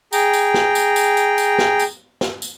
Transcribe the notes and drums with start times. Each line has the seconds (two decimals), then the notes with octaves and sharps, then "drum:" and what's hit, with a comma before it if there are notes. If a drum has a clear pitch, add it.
0.13 G#4 G5 A#5, drum: tambourine
0.33 drum: tambourine
0.54 drum: snare
0.75 drum: tambourine
0.96 drum: tambourine
1.17 drum: tambourine
1.38 drum: tambourine
1.59 drum: snare
1.79 drum: tambourine
2.21 drum: snare
2.42 drum: tambourine